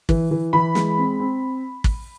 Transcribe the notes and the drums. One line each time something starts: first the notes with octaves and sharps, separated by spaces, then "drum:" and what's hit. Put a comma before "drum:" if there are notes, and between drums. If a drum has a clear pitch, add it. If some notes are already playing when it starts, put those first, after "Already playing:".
E3, drum: kick
E3
E3 B5
G#3, drum: snare
C4
C4
drum: kick